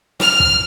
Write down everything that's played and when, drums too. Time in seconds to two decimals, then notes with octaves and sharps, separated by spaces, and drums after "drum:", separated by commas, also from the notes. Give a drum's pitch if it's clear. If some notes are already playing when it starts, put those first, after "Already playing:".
0.20 F6, drum: snare
0.40 drum: kick